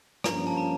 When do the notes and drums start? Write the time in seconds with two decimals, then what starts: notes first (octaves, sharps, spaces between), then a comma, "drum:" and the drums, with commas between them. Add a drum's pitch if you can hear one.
0.24 G2 F3 A#3 C#4 A#5, drum: rim click
0.35 A#5
0.47 A5
0.57 A#5